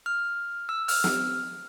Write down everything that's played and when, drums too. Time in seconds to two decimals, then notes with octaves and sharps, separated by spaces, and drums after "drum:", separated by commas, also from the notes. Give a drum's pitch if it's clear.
0.06 F6
0.69 E6
0.88 F6, drum: open hi-hat
1.04 drum: snare